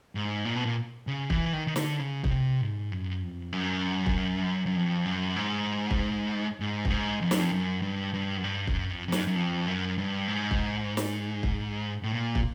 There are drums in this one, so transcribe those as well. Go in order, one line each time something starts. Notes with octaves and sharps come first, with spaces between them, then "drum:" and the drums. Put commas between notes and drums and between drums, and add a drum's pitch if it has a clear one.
G#2
A#2
B2
A#2
C#3
E3, drum: kick
D#3
D#3
D3, drum: snare
C#3
C#3, drum: kick
C3
G#2
F#2
F2
F#2
drum: kick
F#2
F2
F#2
G#2
drum: kick
G#2
G2, drum: kick
G#2
F2
F#2, drum: snare
F2
F#2
G2
G2
F#2
G2
F#2, drum: kick
F2
F2
F#2, drum: snare
F#2
F2
F#2
G2
G#2
drum: kick
drum: snare
drum: kick
A2
A#2
drum: kick